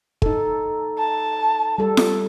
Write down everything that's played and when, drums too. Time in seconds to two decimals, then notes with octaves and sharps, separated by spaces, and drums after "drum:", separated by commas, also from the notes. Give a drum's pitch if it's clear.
0.22 D#4 A4, drum: kick
0.98 A5
1.78 G3 A4
1.97 drum: snare